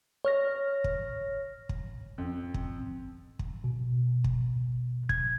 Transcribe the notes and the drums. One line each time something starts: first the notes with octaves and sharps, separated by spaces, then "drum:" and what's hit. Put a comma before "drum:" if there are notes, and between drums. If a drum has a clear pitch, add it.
C#5 F6 A#6
drum: kick
drum: kick
F2
drum: kick
drum: kick
B2
drum: kick
G#6, drum: kick